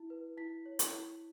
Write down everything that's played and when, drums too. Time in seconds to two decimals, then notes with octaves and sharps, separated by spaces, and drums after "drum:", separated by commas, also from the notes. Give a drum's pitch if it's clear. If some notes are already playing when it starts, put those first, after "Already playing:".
Already playing: E4
0.10 B4
0.37 E4 B6
0.66 C#5
0.79 drum: hi-hat
0.93 E4